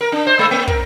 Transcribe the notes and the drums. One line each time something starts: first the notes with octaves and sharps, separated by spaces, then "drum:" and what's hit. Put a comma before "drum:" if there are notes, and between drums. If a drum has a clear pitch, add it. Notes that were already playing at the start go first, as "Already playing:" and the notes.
A#4
D4
C5
G#3
A#3
A#4, drum: kick